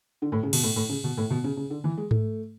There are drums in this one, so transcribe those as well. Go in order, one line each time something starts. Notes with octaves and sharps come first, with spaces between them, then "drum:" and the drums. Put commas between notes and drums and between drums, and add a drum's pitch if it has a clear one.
D3
A2
C#3
B2, drum: cymbal
A2
A2
C#3
B2
A2
B2
C#3
C#3
D3
E3
G#3
A3, drum: tom G#2